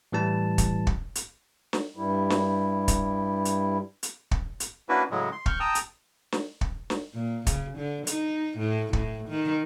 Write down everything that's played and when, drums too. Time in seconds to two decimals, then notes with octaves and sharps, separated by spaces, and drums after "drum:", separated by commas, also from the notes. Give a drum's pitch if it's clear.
0.12 A2 E3 G3 A5
0.58 drum: kick, hi-hat
0.87 drum: kick
1.15 drum: hi-hat
1.73 drum: snare
1.96 G2 G3 E4
2.30 drum: snare
2.88 drum: kick, hi-hat
3.45 drum: hi-hat
4.03 drum: hi-hat
4.31 drum: kick
4.60 drum: hi-hat
4.89 A#3 C#4 D4 E4 F#4 B4
5.11 A2 C#3 F#3 G#3
5.32 C6
5.46 C#6 F6 G6, drum: kick
5.60 G5 A5 A#5 D#6 E6
5.75 drum: hi-hat
6.32 drum: snare
6.61 drum: kick
6.90 drum: snare
7.14 A#2
7.47 C#3, drum: kick, hi-hat
7.77 D3
8.07 D#4, drum: hi-hat
8.58 A2
8.93 A2, drum: kick
9.28 D#3